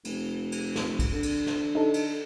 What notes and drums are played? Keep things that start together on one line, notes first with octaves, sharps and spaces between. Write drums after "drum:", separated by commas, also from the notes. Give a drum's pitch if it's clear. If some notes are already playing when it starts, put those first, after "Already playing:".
F1, drum: cymbal
drum: cymbal
drum: snare
drum: kick, cymbal
D3
drum: cymbal
drum: snare
D#4 A4
drum: cymbal